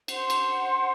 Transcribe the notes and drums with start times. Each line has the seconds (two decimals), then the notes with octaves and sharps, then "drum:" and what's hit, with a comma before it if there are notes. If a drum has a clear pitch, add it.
0.08 C5 F#5 C6, drum: cymbal
0.30 drum: cymbal